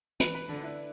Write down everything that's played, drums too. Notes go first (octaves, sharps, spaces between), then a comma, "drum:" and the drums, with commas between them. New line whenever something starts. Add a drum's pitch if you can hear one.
E3 B4, drum: hi-hat
B4
D3 A4
D4
E4